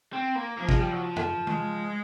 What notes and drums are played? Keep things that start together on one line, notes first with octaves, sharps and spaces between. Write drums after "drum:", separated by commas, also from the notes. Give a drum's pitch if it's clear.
C4
A#3
F3 A#3
G#3, drum: kick
G3
F#3
F3
drum: tom F2
G#3, drum: tom D#3